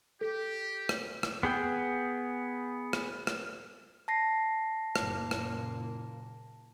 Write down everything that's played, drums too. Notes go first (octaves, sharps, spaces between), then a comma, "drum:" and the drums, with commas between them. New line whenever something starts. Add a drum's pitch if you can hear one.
G4 A4
drum: rim click
drum: rim click
B3 G#4 G5
drum: rim click
drum: rim click
A5 A#6 C7
F#1 A#2 A#3, drum: rim click
drum: rim click